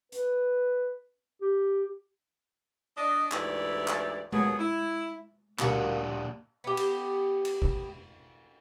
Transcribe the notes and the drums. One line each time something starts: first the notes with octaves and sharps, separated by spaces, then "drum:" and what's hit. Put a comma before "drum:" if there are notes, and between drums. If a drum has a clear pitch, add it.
B4, drum: hi-hat
G4
D4 D#5
D2 G#2 E3 E4 G4 D5, drum: clap
drum: clap
D#2 B2 F#3 B3 G#4, drum: tom G#3
E4
D2 A#2 G3 A#3 D4 F#4 F#5, drum: clap
B3 G4
drum: cymbal
drum: cymbal
drum: kick